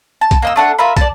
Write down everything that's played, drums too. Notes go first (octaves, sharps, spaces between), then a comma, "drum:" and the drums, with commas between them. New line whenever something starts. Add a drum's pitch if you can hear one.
A5
drum: kick, hi-hat
A#3 D#5 E6
A3 D4 F#5
F4 A#4 E5 B5
D5 A5, drum: kick, hi-hat